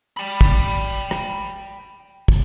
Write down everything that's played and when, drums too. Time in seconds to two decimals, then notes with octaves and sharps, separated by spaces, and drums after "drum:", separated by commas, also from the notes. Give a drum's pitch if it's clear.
0.17 G5 B5
0.41 drum: kick
1.11 drum: rim click
2.28 drum: kick